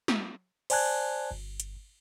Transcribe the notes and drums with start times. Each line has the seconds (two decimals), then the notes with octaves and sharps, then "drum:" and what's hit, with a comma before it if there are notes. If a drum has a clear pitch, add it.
0.08 drum: snare
0.70 C5 D5 G#5 A5 F#6 G#6, drum: cymbal
1.31 G1
1.60 drum: hi-hat